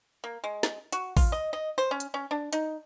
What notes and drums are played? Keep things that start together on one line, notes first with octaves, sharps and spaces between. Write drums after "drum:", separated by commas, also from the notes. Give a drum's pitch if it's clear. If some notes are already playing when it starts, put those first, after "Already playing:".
A#3
G#3
drum: snare
F#4, drum: hi-hat
F4, drum: kick A1, open hi-hat
D#5
D#5
C5
C#4
drum: hi-hat
C#4
D4
D#4, drum: hi-hat